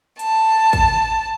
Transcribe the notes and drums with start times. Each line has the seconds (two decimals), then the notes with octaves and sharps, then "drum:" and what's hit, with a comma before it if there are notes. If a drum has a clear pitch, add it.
0.19 A5, drum: hi-hat
0.73 drum: kick, hi-hat